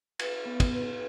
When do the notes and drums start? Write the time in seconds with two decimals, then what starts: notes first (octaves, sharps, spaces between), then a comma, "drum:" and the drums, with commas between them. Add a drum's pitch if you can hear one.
0.19 B4, drum: cymbal
0.46 B3
0.60 drum: kick, cymbal
0.74 B4